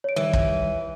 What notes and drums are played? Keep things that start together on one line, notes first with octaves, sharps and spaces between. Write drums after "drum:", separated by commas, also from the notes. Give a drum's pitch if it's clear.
C#5 D7
D#3 E3 G3
drum: kick